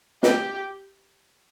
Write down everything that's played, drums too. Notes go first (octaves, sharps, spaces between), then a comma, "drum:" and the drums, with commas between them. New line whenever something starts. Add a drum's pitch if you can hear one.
G4, drum: snare